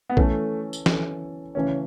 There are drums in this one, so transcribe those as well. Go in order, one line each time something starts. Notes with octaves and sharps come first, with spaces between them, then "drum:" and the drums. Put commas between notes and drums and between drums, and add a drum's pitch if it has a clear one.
B3
E3 A3 C#4 A4, drum: kick A#1
drum: tambourine
E3 C#4 A4, drum: snare E3
C#3 E3 A3 C#4